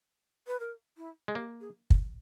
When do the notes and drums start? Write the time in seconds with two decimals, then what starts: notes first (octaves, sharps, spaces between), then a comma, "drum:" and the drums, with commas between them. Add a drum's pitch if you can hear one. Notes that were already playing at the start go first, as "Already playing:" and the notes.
0.47 B4
0.60 A#4
0.97 E4
1.28 G#3
1.35 A#3 G4
1.61 G#4
1.90 drum: kick